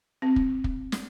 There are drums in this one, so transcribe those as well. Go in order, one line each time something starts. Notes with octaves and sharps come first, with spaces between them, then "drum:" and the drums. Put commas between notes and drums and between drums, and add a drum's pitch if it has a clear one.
C4
drum: kick
drum: kick
drum: snare